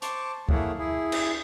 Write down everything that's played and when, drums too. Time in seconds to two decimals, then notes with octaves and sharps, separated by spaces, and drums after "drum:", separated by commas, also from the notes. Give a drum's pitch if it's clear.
0.02 C5 A5 C#6 D6, drum: hi-hat
0.49 A3 A#3 E4 G#4 C#5 F#5, drum: kick C#2
0.79 E4 G#4
1.12 drum: cymbal